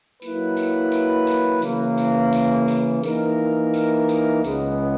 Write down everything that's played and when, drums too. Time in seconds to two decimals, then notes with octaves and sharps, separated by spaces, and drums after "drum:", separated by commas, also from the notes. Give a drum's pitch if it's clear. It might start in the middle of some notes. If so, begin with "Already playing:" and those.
0.22 F#3 A#3 E4 B4, drum: tambourine
0.57 drum: tambourine
0.92 drum: tambourine
1.27 drum: tambourine
1.62 C#3 E3 A#3, drum: tambourine
1.98 drum: tambourine
2.33 drum: tambourine
2.68 drum: tambourine
3.04 E3 A#3 D#4 A#4, drum: tambourine
3.74 drum: tambourine
4.09 drum: tambourine
4.44 C#2 C#3 G#3 B3, drum: tambourine